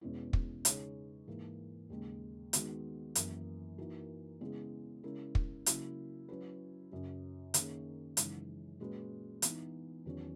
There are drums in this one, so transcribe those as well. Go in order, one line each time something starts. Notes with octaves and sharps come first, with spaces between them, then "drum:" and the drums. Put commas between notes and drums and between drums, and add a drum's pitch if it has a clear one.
E2 B2 G#3 C#4 E4
drum: kick
C#3 G#3 D#4 G#4 C#5, drum: hi-hat
G#2 E3 A#3
D#2 C#3 G#3
D#3 G#3 B3 D#4 F#4, drum: hi-hat
F#2 E3 A#3 E4, drum: hi-hat
E3 A#3 D#4 F#4 A#4
C#3 G#3 B3 E4 G#4
C#3 G#3 C#4 E4 A#4
drum: kick
C#3 F#3 A#3 E4, drum: hi-hat
F#3 C#4 E4 B4
F#2 C#3 F#3
D#3 A#3 C#4 G#4, drum: hi-hat
F#2 C#3 E3 G#3 D#4, drum: hi-hat
A#2 G#3 C#4 F#4 B4
E3 B3 D#4, drum: hi-hat
E2 D#3 F#3 C#4